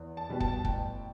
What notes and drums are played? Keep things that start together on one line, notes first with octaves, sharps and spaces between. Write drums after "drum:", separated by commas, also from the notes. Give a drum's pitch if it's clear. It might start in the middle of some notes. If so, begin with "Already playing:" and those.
Already playing: E2
A5
B2 G3 B3
A5, drum: kick
A1 G5, drum: kick